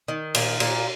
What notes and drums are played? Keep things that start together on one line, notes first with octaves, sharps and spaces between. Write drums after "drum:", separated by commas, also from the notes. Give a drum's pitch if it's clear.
D#3
A#2, drum: cymbal
A#2, drum: cymbal